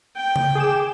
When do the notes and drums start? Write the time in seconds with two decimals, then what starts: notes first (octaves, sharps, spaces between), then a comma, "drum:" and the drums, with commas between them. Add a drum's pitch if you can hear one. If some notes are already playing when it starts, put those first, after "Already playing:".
0.16 G5
0.36 drum: tom C#3
0.55 G#4 D6 E7